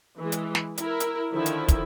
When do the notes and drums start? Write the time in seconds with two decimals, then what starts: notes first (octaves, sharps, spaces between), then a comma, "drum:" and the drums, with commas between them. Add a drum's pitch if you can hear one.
0.19 E3 G#3
0.32 drum: hi-hat
0.55 drum: snare
0.77 E4 A#4, drum: hi-hat
1.00 drum: hi-hat
1.31 D3 D#3 F3 E4
1.46 drum: hi-hat
1.68 drum: kick, hi-hat